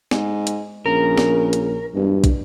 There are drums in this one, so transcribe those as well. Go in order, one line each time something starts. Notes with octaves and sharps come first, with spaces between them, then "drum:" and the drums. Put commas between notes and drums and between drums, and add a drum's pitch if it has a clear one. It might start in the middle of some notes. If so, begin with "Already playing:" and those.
G#2, drum: snare
drum: hi-hat
A#1 C#3 A#4
drum: snare
drum: hi-hat
E1 G2
drum: kick, hi-hat